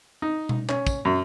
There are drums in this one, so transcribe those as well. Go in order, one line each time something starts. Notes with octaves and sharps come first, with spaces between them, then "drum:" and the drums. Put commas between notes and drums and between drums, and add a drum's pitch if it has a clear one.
D#4
drum: tom B2
C#4, drum: clap
drum: kick, tambourine
F#2